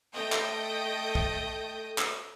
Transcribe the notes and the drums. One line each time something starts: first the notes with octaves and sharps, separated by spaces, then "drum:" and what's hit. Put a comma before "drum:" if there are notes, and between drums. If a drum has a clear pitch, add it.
A3 A4 D#5 G5 D#6 G6
drum: clap
drum: kick
drum: clap